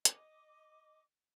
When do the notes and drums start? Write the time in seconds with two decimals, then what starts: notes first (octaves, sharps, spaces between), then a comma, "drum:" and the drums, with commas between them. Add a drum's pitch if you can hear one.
0.05 D#5 D6, drum: hi-hat